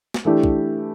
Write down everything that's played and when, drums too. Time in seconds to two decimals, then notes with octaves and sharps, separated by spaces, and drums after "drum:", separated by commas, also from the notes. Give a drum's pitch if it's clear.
0.14 drum: snare
0.25 E3 A3 D4 G4
0.44 drum: kick